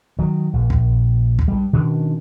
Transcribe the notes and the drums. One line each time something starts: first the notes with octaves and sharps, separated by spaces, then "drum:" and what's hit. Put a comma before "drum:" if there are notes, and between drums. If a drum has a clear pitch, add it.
D#3 F#3
A#1
drum: kick
drum: kick
G2 G3
B2 D#3 C#4 D4